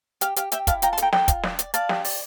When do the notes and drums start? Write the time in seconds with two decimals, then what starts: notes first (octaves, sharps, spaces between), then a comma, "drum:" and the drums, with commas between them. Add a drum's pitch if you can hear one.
0.21 G4 F5, drum: hi-hat
0.36 G4 F5, drum: hi-hat
0.52 G4 E5 G5, drum: hi-hat
0.67 E4 F5 A5, drum: kick, hi-hat
0.82 F4 G5 A#5, drum: hi-hat
0.93 A5 C6
0.98 A4 G5 A#5, drum: hi-hat
1.13 A4 G5 A#5, drum: snare
1.28 F4, drum: kick, hi-hat
1.43 D5, drum: snare
1.59 D5, drum: hi-hat
1.74 D5 F5 A5, drum: hi-hat
1.89 G4, drum: snare
2.05 D5, drum: open hi-hat